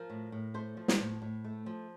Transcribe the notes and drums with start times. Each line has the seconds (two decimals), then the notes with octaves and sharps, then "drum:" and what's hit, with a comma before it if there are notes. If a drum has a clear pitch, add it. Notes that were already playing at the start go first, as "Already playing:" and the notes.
Already playing: F3 A#4
0.10 A2
0.32 A2
0.54 A3 C5
0.77 F3
0.88 drum: snare
1.00 A2
1.22 A2
1.45 A3
1.66 F3